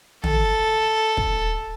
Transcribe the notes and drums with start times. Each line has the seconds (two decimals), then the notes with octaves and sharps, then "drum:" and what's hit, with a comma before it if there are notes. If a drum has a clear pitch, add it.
0.24 A4, drum: tom
1.17 drum: kick